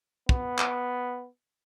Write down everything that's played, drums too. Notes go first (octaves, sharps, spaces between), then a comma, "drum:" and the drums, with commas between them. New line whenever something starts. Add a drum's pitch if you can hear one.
B3, drum: kick
drum: clap